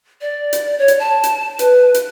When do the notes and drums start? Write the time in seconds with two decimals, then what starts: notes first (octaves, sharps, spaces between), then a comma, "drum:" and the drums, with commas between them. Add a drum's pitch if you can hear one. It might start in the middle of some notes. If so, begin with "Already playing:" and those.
0.21 D5
0.53 drum: hi-hat
0.79 C#5
0.88 drum: hi-hat
0.99 A5
1.23 drum: hi-hat
1.59 B4, drum: hi-hat
1.94 drum: hi-hat